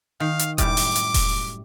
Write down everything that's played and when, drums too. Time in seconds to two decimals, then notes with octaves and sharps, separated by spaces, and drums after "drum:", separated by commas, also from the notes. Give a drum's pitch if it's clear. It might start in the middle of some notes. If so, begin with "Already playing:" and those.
0.20 D#3 F5
0.39 drum: hi-hat
0.58 F#2 A2 G3 D6, drum: kick E1, hi-hat
0.77 drum: open hi-hat
0.96 drum: hi-hat
1.14 drum: kick E1, open hi-hat